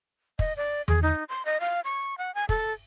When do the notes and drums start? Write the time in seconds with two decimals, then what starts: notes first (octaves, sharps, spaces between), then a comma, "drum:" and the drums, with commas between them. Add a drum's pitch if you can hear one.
0.39 D#5, drum: kick
0.57 D5
0.88 G#4, drum: tom E2
1.02 D#4
1.29 C6
1.45 D#5
1.60 F5
1.85 C#6
2.18 F#5
2.35 G#5
2.49 A4, drum: kick